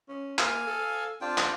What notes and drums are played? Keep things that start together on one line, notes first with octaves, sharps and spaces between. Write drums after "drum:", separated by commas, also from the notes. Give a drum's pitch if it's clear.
C#4
A#3 F5 G#5, drum: clap
A4
C4 D4 F4 G5
drum: clap